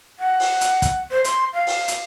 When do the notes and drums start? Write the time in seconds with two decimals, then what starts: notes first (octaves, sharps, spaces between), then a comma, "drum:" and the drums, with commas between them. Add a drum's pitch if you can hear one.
0.19 F#5
0.40 drum: open hi-hat
0.61 drum: hi-hat
0.82 drum: kick, hi-hat
1.11 C5
1.24 C6, drum: hi-hat
1.53 F5
1.67 drum: open hi-hat
1.88 drum: hi-hat